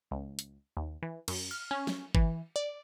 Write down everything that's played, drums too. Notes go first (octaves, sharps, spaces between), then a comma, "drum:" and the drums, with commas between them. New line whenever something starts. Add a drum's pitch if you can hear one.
C#2
drum: hi-hat
D#2
E3
F#2, drum: cymbal
F6
C#4
drum: snare
E3, drum: kick G1
D5